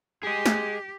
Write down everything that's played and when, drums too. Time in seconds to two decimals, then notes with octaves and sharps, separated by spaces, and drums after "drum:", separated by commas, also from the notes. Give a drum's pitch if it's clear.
0.23 G4 G#4 D#5
0.46 drum: snare